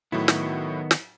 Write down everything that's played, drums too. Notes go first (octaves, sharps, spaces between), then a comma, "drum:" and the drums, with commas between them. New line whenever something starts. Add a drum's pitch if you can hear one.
A2 D#3 F#3 B3 E4
drum: snare
drum: snare